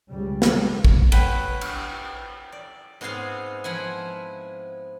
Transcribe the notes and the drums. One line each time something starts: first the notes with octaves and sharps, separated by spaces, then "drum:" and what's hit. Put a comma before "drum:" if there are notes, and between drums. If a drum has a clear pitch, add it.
C#2 G3
drum: snare
drum: kick A1
B4 C#5 F#5 G5, drum: cymbal
drum: cymbal
D5
G#2 B3 C4 G#4 F5 C6
F3 E4 F#5 G#5